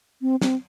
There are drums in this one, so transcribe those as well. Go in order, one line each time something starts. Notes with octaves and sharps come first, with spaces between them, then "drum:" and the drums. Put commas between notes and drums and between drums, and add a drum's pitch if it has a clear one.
C4
C4, drum: snare